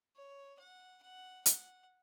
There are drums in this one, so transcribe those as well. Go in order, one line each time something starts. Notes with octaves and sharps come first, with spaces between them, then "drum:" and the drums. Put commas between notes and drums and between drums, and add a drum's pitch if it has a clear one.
C#5
F#5
F#5
F#5, drum: hi-hat